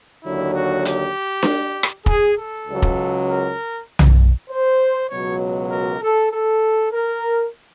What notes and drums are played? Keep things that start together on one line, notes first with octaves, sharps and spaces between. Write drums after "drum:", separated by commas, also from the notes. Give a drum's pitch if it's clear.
D#2 D3 F#3 E4
F#4
G4, drum: hi-hat
drum: snare D4
drum: rim click
G#4, drum: kick
A4
C#2 C#3 F#3
drum: kick
A#4
drum: tom B1
C5
C#2 B2 F#3 C#5
A#4
A4
A4
A#4